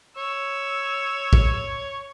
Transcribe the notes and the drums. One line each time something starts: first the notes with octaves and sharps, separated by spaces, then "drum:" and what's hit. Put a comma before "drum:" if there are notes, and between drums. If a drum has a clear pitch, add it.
C#5 E6
drum: kick